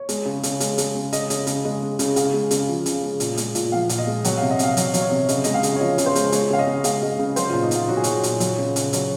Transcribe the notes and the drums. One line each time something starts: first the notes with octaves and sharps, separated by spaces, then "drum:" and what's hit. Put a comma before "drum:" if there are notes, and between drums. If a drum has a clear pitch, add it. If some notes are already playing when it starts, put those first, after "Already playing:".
Already playing: C#5
G#3, drum: hi-hat
C#3
C#3, drum: hi-hat
G#3, drum: hi-hat
G#3, drum: hi-hat
C#3
G#3 D#5, drum: hi-hat
C#3, drum: hi-hat
C#3, drum: hi-hat
G#3 D#5
G#3
C#3, drum: hi-hat
C#3 F5, drum: hi-hat
G#3
C#3, drum: hi-hat
F3
C#3, drum: hi-hat
G#3
A#2, drum: hi-hat
G#3, drum: hi-hat
A#2, drum: hi-hat
F3 F5
A#2, drum: hi-hat
D#5
G#3
F#3 F#5, drum: hi-hat
C3 F5
D#5
C3 F5, drum: hi-hat
F#3, drum: hi-hat
F#3, drum: hi-hat
C#5
C3
C#3 D#5, drum: hi-hat
G#3 D#5, drum: hi-hat
F5
C#3, drum: hi-hat
C#5
F3 D#5
C#3, drum: hi-hat
C5
G#3, drum: hi-hat
G#3 C#5, drum: hi-hat
C#3 F5
D#5
C#3
G#3 F5, drum: hi-hat
G#3 D#5
C#3
F#3 C5, drum: hi-hat
A#2 F4
D#4
A#2 F4, drum: hi-hat
F#3 F#4
G#4
F#3 F#4, drum: hi-hat
A#2, drum: hi-hat
F#3, drum: hi-hat
C#3
C#3, drum: hi-hat
F#3, drum: hi-hat